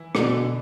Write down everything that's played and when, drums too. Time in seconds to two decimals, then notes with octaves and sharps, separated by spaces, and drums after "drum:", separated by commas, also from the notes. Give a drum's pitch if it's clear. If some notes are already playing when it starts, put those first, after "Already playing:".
Already playing: E3 E4
0.15 B2 D3 D4, drum: rim click